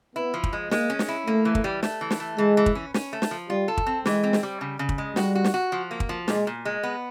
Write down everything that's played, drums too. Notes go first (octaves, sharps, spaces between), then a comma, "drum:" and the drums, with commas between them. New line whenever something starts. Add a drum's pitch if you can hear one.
B3 E4
F3
drum: kick
G#3
G#3 A#3, drum: snare
C#4
drum: snare
E4
A3 A#3
E3
drum: kick
G3
A3, drum: snare
E3
drum: snare
A3
E3 G#3
E3
drum: kick
C#4
C#4, drum: snare
A3
drum: snare
F3
G3 F4
A4
drum: kick
C4
E3 G#3, drum: snare
C4
drum: snare
G3
C#3
C#3
drum: kick
G#3
G3 F#4, drum: snare
F#4
drum: snare
F#4
F3
A#3
drum: kick
F3
A#2 G#3, drum: snare
A#2
G#3
B3